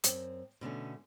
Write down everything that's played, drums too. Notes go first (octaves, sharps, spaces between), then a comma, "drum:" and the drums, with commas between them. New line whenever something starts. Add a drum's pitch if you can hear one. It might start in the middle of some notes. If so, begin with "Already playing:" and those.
F#2 C4, drum: hi-hat
B2 D3 A3 C#4